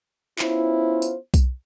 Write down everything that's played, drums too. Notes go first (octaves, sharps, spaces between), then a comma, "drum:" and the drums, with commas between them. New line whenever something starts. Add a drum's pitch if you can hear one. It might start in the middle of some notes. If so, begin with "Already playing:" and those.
B3 C#4 E4 F4 C5, drum: clap
drum: tambourine
drum: kick B1, tambourine